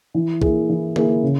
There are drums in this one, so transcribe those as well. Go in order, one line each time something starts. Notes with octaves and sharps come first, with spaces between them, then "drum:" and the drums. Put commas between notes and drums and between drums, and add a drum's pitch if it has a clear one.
E3
A#3 E4 G#4, drum: kick
E3
A#3 E4 G#4, drum: tom D3
C#3